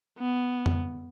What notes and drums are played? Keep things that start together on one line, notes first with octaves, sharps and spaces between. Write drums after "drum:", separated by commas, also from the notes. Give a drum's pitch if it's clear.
B3
drum: tom F2